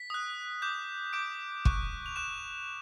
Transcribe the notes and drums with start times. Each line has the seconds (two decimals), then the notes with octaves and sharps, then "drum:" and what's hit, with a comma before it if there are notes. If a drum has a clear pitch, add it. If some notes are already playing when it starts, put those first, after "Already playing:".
Already playing: B6
0.10 D#6 F#6
0.62 D6 G6
1.13 D6 G6 D7
1.65 C#6 F#6, drum: kick
2.06 F7
2.16 C#6 F#6 E7